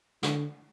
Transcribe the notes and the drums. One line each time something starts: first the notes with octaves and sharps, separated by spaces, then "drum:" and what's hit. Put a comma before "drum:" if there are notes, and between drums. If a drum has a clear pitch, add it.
D3, drum: snare